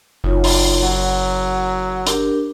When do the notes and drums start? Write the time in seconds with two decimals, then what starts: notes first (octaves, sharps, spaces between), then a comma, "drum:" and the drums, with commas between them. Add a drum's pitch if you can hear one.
0.24 F#1 D#4 F4 C#5
0.44 drum: open hi-hat
0.83 F#3 F#5
2.07 D4 G4 A#4, drum: hi-hat